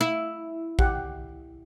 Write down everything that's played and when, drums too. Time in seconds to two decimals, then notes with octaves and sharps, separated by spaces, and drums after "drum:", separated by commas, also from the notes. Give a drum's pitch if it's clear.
0.01 E4
0.79 G4 F#5, drum: kick A1